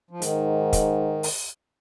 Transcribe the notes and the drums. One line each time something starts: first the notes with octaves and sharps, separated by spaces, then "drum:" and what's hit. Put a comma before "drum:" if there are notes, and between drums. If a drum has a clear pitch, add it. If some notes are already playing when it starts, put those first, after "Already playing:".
F3
G#2 D#3, drum: hi-hat
drum: kick, hi-hat
drum: open hi-hat